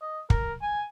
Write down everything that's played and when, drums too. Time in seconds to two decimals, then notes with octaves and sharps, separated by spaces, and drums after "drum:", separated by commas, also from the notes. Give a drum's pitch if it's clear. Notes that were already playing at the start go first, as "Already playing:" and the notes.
0.02 D#5
0.30 A#4, drum: kick
0.62 G#5